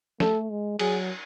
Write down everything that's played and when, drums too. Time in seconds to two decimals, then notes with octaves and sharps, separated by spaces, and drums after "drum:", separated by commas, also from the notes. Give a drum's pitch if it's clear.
0.20 A3 A4, drum: snare
0.50 G#3
0.79 F#3 G#4, drum: cymbal